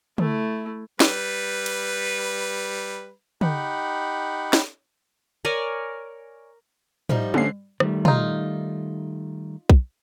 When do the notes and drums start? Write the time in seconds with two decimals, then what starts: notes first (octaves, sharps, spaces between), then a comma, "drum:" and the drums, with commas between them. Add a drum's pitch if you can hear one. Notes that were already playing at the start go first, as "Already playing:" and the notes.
0.18 A3 E4, drum: tom
1.00 G3 B4, drum: snare
1.66 drum: cymbal
3.41 D#4 G4 F#5 B5, drum: tom
4.53 drum: snare
5.45 A#4 C#5 D5 G#5
7.09 F3 G3 D#4, drum: tom
7.34 D3 C#4 C7, drum: tom
7.80 D#3 G3 A3, drum: rim click
8.05 D#4 F4, drum: tom
9.70 drum: kick